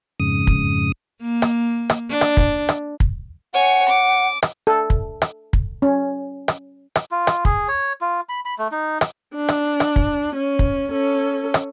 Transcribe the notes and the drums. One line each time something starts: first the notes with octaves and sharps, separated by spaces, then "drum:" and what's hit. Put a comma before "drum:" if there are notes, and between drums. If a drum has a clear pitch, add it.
F2 G#2 C#3 D#6
drum: kick
A#3
drum: rim click
drum: rim click
D4
drum: rim click
drum: kick
drum: rim click
drum: kick
C#5 F#5 G#5
D6
drum: rim click
A4
drum: kick
drum: rim click
drum: kick
C#4
drum: rim click
drum: rim click
F4
drum: rim click
G#4, drum: kick
C#5
F4
B5
B5
A3
D#4
drum: rim click
D4
drum: rim click
drum: rim click
drum: kick
C#4
drum: kick
C#4 A4
drum: rim click